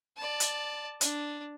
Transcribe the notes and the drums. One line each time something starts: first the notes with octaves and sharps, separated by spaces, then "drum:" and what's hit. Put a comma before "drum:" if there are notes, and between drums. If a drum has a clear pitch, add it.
D5 A5
drum: hi-hat
D4, drum: hi-hat